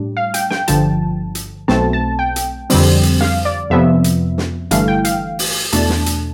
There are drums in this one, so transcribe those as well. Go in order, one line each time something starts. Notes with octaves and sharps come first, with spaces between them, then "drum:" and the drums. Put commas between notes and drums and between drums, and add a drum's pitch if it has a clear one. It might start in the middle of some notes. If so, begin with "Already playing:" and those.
Already playing: A2 G3 D4
F5
G5, drum: hi-hat
G5, drum: snare
G1 G2 D3 F3 A5, drum: hi-hat
drum: hi-hat
B1 B2 A3 C4 A5, drum: snare
A5
G5
drum: hi-hat
F2 D3 G3 C4, drum: open hi-hat
drum: hi-hat
F5, drum: snare
D5
F2 C3 F3 B3 E5
drum: hi-hat
drum: snare
G1 G2 E3 A3 F5, drum: hi-hat
G5
F5, drum: hi-hat
drum: open hi-hat
E2 B2 A3 D4 A5, drum: hi-hat
drum: snare
drum: hi-hat